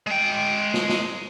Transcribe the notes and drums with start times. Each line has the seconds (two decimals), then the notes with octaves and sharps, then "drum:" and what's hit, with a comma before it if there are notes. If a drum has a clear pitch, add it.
0.06 G#3 G5
0.74 drum: snare
0.89 drum: snare